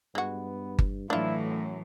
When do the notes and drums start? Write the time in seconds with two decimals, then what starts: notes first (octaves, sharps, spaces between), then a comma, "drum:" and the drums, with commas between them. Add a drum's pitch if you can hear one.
0.15 G2 G#3 B3 F#4
0.79 drum: kick G1
1.10 A2 E3 F#3 A3 D4 E4 F4
1.49 F#2